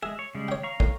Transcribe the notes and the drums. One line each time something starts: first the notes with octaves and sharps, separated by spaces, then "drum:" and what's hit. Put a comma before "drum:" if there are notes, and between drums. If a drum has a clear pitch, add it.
G#3 G#4 E5
C#5
C#3 G3 G#3
C#5 G5
F5 A#5 C#6
A2, drum: kick